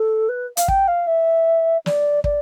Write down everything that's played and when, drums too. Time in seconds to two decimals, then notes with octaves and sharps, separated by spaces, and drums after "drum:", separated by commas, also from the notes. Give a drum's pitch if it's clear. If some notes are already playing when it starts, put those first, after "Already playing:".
Already playing: A4
0.29 B4
0.57 F5, drum: hi-hat
0.68 G5, drum: kick
0.88 F5
1.07 E5
1.86 D5, drum: snare
2.24 D5, drum: kick